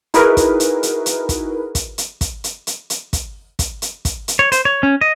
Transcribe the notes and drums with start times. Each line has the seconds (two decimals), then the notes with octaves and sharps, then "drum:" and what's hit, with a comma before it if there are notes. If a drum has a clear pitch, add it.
0.14 D#4 E4 F#4 G#4 A#4 B4, drum: hi-hat
0.37 drum: kick, hi-hat
0.60 drum: hi-hat
0.83 drum: hi-hat
1.06 drum: hi-hat
1.29 drum: kick, hi-hat
1.75 drum: kick, hi-hat
1.98 drum: hi-hat
2.21 drum: kick, hi-hat
2.44 drum: hi-hat
2.67 drum: hi-hat
2.90 drum: hi-hat
3.13 drum: kick, hi-hat
3.59 drum: kick, hi-hat
3.82 drum: hi-hat
4.05 drum: kick, hi-hat
4.28 drum: hi-hat
4.39 C#5
4.52 C5, drum: hi-hat
4.65 C#5
4.83 C#4
5.01 D#5